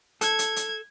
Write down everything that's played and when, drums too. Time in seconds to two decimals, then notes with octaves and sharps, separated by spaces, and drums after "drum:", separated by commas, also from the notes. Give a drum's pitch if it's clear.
0.21 A4 G#6, drum: hi-hat
0.39 drum: hi-hat
0.56 drum: hi-hat